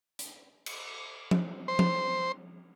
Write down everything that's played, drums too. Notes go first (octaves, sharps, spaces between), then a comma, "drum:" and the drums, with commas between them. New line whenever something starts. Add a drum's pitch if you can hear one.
drum: hi-hat
drum: cymbal
drum: tom F3
C5
drum: tom F3